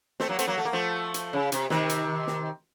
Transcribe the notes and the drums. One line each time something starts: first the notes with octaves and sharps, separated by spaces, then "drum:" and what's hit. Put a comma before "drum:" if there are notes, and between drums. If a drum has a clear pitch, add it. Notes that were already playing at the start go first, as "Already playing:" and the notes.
A3 C4, drum: snare
F#3 A#3
A3 C4, drum: hi-hat
F#3 A#3
A3
A#3
F3 A3
drum: hi-hat
C#3
C3, drum: hi-hat
C3 D#3, drum: snare
drum: hi-hat
drum: snare